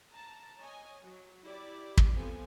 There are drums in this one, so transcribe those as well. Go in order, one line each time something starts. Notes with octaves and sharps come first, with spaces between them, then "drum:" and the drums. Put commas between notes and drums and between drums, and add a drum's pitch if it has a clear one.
A5 A#5
C#5 D#5 G#5
F#3
E4 G4 D5
drum: kick
F3 G3 B3 C4 A4 G#5